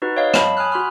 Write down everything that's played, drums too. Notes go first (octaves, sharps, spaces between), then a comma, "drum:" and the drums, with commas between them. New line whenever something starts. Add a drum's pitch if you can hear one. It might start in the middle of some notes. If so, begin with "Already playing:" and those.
D#4 F#4 B4
C#5 D#5 F5
C#5 A5 B5, drum: rim click
G#5 B5 D#6 F6 F#6
F#4 C6 F6